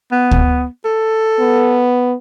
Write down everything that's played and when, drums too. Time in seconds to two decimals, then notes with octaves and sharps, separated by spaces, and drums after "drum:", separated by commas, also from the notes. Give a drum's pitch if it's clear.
0.12 B3
0.31 drum: kick
0.85 A4
1.40 B3